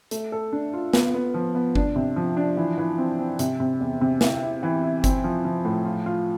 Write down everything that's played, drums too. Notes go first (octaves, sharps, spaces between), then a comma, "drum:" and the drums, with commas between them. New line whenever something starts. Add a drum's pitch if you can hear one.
A3, drum: hi-hat
A4
D4
F4
B3, drum: snare
B3
F3
B3
D4, drum: kick G1
C3
F3
D4
E3
E3
C4
C4
C3, drum: hi-hat
C3
E2
C3
E4, drum: snare
E4
E3
E4
C4, drum: kick G1, hi-hat
F3
F3
A2
F4
F4